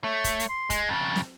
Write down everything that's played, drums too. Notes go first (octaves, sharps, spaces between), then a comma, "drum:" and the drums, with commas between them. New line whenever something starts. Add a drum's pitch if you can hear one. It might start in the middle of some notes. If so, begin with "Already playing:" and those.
A3 C#5
drum: kick, hi-hat
drum: hi-hat
C6
G#3, drum: kick, hi-hat
F2 C#3 A5
drum: snare